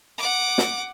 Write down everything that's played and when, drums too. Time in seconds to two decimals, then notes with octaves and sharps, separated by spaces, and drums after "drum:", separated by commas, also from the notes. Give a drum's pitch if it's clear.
0.18 F#5 D6
0.58 drum: snare